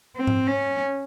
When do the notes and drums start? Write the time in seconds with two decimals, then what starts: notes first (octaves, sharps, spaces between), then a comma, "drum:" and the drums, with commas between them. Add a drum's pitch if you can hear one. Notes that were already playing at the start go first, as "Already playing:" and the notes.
0.16 C4
0.27 drum: tom G#2
0.47 C#4